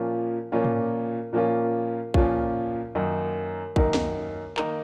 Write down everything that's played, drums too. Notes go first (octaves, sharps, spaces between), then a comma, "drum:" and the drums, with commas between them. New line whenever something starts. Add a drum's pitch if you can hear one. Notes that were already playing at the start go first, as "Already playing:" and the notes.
Already playing: A#2 F3 A#3 C#4 F4
A#2 F3 A#3 C#4 F4
drum: tom
A#2 F3 A#3 C#4 F4
A#2 F3 A#3 C#4 F4, drum: kick
F#2 D#3 A#3 D#4 A#4
F#2 D#3 A#3 D#4 A#4, drum: kick
drum: snare
D#3 A#3 D#4 A#4, drum: clap